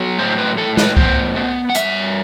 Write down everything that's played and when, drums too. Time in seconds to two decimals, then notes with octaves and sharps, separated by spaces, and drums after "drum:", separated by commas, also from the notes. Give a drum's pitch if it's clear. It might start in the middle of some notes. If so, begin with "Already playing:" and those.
Already playing: F#3 B3
0.19 A2 C5
0.38 B4
0.58 A2 A4
0.77 B4, drum: snare G#3
0.97 B3 C5, drum: kick C2
1.36 B3
1.70 F#5
1.75 G2 E5, drum: hi-hat